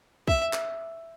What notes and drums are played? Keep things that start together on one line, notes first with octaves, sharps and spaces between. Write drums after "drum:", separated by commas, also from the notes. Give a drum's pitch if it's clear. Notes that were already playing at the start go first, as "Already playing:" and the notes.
E5, drum: kick
drum: clap